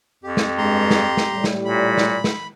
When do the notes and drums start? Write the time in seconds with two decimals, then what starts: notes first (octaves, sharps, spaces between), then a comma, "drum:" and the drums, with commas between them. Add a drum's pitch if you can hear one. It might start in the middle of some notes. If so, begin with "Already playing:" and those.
0.24 F2 G4
0.37 drum: snare
0.58 G2 G#3 G4 A#5 C6
0.90 drum: snare
1.17 drum: snare
1.33 A2 G3
1.44 drum: snare
1.65 A#2 B5
1.97 drum: snare
2.24 drum: snare